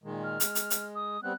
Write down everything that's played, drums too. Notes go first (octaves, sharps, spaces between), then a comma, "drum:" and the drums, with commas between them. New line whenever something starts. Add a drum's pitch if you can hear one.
A#2 D#3 G#3
F6
G#3, drum: hi-hat
drum: hi-hat
drum: hi-hat
D#6
G3 B3 C4 F#6